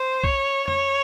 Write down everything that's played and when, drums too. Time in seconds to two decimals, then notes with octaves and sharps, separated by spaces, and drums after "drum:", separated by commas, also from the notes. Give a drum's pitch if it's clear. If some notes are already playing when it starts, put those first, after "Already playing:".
Already playing: C5
0.24 C#5, drum: kick B1
0.68 C#5, drum: tom F2